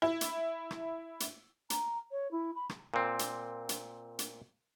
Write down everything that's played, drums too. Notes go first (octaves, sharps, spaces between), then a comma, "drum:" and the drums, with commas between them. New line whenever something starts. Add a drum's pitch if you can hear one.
E4
drum: hi-hat
drum: rim click
drum: hi-hat
A#5, drum: hi-hat
C#5
E4
B5
drum: rim click
A#2 C4
drum: hi-hat
drum: hi-hat
drum: hi-hat